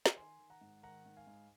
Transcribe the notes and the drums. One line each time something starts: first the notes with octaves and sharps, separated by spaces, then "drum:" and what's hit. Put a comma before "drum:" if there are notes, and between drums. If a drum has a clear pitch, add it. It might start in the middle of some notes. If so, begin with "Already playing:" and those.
drum: snare
D#3 G#5 C6
D#3
F#5 A#5
G#2
D#3 F#5 A#5
G#2
F5 G#5
G#2